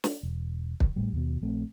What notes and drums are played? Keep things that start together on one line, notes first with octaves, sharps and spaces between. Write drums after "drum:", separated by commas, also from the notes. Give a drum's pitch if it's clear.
drum: snare
E1
drum: kick
A2 G3
D#2 B2
A#1 A3 C4